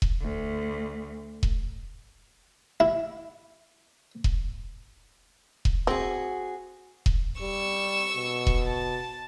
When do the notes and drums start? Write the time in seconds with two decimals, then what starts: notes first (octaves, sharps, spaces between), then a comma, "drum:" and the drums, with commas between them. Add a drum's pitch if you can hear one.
0.02 drum: kick E1
0.22 D2
1.43 drum: kick E1
2.80 E4
4.24 drum: kick E1
5.65 drum: kick E1
5.87 C4 F#4 G#4
7.06 drum: kick E1
7.41 G3 C#6 E6
8.16 B2
8.47 drum: kick E1
8.65 A5